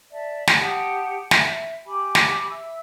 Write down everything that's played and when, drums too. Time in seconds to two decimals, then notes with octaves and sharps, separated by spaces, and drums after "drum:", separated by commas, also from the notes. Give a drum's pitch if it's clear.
0.11 D5 E5 A5
0.47 drum: snare
0.57 G4 F#5 A5 D#6
1.31 E5, drum: snare
1.85 G4 G#5 B5 D6
2.15 drum: snare
2.50 E5 E6